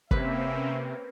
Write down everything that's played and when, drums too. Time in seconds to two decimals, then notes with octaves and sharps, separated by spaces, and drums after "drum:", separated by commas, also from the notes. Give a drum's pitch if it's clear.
0.11 C3 A#3 C4 C#4 B4 E5, drum: kick